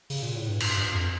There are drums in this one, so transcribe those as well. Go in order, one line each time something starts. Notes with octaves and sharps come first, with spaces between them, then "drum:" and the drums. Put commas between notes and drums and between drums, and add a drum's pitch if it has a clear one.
C#3, drum: open hi-hat
A#2
A2
G2
drum: cymbal
G2
F2